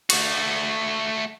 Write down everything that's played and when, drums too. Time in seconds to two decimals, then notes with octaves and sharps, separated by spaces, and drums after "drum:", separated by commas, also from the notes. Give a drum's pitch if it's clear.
0.10 A3 F#4, drum: cymbal